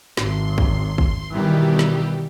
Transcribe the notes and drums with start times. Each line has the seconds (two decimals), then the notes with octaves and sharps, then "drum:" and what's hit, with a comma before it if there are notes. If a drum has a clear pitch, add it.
0.17 G#1 C6, drum: snare
0.58 drum: kick
0.98 drum: kick
1.31 B2 D#3 E3 G3 G4
1.79 drum: snare